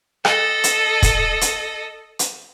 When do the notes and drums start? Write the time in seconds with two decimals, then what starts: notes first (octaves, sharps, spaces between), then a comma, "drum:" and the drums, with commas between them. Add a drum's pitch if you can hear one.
0.25 A4 D#5, drum: rim click
0.64 drum: hi-hat
1.02 drum: kick, hi-hat
1.41 drum: hi-hat
2.19 drum: hi-hat